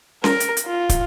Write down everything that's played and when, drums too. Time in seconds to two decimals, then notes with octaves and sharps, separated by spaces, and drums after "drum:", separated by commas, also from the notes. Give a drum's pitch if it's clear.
0.24 A#4, drum: snare C#4
0.40 drum: hi-hat
0.57 drum: hi-hat
0.66 F4
0.89 drum: kick, hi-hat